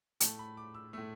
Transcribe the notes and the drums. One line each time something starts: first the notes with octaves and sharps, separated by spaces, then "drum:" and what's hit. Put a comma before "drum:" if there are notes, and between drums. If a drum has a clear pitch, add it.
A2 A3 A5, drum: hi-hat
B5
D6
E6
A2 A3 E6